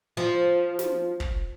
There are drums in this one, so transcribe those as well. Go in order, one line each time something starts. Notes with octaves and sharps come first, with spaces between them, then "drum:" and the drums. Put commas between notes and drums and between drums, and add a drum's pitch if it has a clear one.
F3
drum: snare
drum: kick